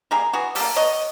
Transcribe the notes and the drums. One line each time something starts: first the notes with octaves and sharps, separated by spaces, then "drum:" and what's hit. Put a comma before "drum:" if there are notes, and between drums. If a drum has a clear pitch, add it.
G3 A#3 G#4 A#4
E3 F#4 G#4
G3 A#3 G4 A4, drum: open hi-hat
B2 C#5 D#5